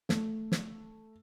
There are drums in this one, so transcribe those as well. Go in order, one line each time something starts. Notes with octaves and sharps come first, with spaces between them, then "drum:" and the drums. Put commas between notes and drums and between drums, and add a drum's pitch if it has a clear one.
A3, drum: snare
drum: snare